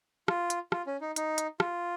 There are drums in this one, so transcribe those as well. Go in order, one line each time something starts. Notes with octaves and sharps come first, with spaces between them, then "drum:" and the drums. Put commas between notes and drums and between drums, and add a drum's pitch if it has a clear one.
F4, drum: rim click
drum: hi-hat
F4, drum: rim click
C#4
D#4
D#4, drum: hi-hat
drum: hi-hat
F4, drum: rim click